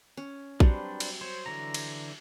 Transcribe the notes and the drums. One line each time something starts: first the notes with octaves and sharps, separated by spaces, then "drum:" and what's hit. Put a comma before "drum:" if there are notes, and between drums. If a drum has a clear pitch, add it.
C#4
F#3 G3 C4 D4 B4 C5, drum: kick A#1
drum: cymbal
C5 C#5
D3 E3 A#5
drum: cymbal